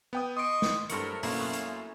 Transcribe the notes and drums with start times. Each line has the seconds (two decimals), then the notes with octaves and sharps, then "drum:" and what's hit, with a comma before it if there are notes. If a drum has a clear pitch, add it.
0.13 B3 G5 D#6
0.37 D#5 C6 C#6 D#6 D7
0.62 drum: snare
0.90 G2 F#3 A3 C4 A#4 C#7, drum: hi-hat
1.23 F#2 B2 A3 A#3 E4 F5, drum: open hi-hat
1.39 B3 C#4
1.53 drum: hi-hat